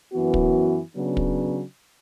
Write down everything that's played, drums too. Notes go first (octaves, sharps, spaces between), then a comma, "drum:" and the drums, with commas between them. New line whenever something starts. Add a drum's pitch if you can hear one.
F#2 E3 B3 F#4
drum: kick
C#3 F#3 B3 D4
drum: kick